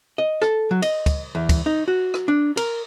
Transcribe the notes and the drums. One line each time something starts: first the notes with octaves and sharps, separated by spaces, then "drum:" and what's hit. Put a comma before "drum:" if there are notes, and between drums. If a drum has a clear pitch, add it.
D#5
A4, drum: rim click
F#3
D#5, drum: cymbal
drum: kick, cymbal
E2
drum: kick, cymbal
D#4
F#4
drum: rim click
D4
A#4, drum: cymbal